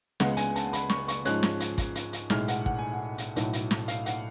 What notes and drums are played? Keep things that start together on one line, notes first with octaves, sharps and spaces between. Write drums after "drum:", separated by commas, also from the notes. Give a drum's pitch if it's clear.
C#2 C#3 G#3 B3 F#5, drum: snare
G#5, drum: hi-hat
A5, drum: hi-hat
B5, drum: hi-hat
C#6, drum: snare
C#6, drum: hi-hat
G#2 F3 G#3 C#4 F#6, drum: hi-hat
drum: snare
drum: hi-hat
drum: kick, hi-hat
drum: hi-hat
drum: hi-hat
B1 A2 G#3 F6, drum: snare
F#5, drum: hi-hat
F#5, drum: kick
G#5
F#5
drum: hi-hat
B1 A2 F#3, drum: hi-hat
drum: hi-hat
drum: snare
F5, drum: hi-hat
F#5, drum: hi-hat